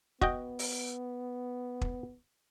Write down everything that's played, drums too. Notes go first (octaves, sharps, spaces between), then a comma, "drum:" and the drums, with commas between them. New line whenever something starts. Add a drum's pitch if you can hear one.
B3 F#4 D#5 G5, drum: kick
drum: open hi-hat
drum: kick